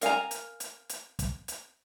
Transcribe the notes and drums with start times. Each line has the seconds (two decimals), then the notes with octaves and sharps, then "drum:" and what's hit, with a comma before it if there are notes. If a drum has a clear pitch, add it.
0.01 A#4 F5 G#5 A#5, drum: hi-hat
0.31 drum: hi-hat
0.60 drum: hi-hat
0.89 drum: hi-hat
1.19 drum: kick, hi-hat
1.48 drum: hi-hat